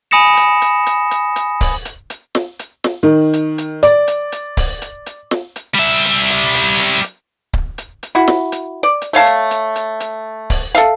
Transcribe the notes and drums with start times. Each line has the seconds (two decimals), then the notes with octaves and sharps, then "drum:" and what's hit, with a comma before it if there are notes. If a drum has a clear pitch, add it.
0.11 G#5 B5 D#6 A#6 C#7 E7
0.37 drum: hi-hat
0.62 drum: hi-hat
0.87 drum: hi-hat
1.11 drum: hi-hat
1.36 drum: hi-hat
1.61 drum: kick C#1, open hi-hat
1.85 drum: hi-hat
2.10 drum: hi-hat
2.35 drum: snare
2.59 drum: hi-hat
2.84 drum: snare
3.03 D#3
3.34 drum: hi-hat
3.58 drum: hi-hat
3.83 D5, drum: hi-hat
4.08 drum: hi-hat
4.32 drum: hi-hat
4.57 drum: kick C#1, open hi-hat
4.82 drum: hi-hat
5.06 drum: hi-hat
5.31 drum: snare
5.56 drum: hi-hat
5.75 G3 E5
6.05 drum: hi-hat
6.30 drum: hi-hat
6.55 drum: hi-hat
6.79 drum: hi-hat
7.04 drum: hi-hat
7.53 drum: kick C#1
7.78 drum: hi-hat
8.03 drum: hi-hat
8.15 E4 F#4
8.28 drum: snare
8.52 drum: hi-hat
8.83 D5
9.02 drum: hi-hat
9.13 A3 C#5 F5 A5
9.26 drum: hi-hat
9.51 drum: hi-hat
9.76 drum: hi-hat
10.00 drum: hi-hat
10.50 drum: kick C#1, open hi-hat
10.75 A4 E5 F5, drum: hi-hat